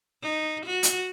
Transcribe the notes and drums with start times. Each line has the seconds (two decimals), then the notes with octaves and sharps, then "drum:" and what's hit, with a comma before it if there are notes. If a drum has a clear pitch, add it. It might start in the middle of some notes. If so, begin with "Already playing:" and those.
0.23 D#4
0.66 F#4
0.83 drum: hi-hat